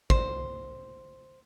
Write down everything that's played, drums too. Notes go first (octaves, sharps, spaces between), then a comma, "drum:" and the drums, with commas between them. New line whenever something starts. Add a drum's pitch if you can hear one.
C5, drum: kick